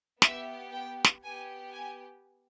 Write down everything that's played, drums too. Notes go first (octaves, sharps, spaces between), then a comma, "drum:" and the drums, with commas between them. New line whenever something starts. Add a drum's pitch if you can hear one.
B3 G4 E5, drum: snare
G5
drum: snare
B3 G4 G#5
G#5